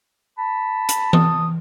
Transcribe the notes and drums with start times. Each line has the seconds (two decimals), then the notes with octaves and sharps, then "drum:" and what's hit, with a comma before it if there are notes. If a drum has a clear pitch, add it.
0.38 A5 B5
0.89 drum: hi-hat
1.13 D#6, drum: tom E3